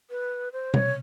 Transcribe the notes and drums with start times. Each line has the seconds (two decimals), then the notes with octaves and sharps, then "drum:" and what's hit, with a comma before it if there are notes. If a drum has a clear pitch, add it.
0.10 B4
0.53 C5
0.74 C#5, drum: tom B2